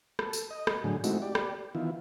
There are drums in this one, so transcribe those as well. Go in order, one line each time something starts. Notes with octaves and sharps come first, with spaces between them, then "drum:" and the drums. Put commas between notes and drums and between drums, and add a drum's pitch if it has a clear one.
A4, drum: rim click
drum: tambourine
D#5
drum: rim click
A2 D3 F#3 G#4
G#3 A3 C4 D#4 E4 F#4, drum: tambourine
G4 D5
drum: rim click
D#3 E3 B3 E4 F4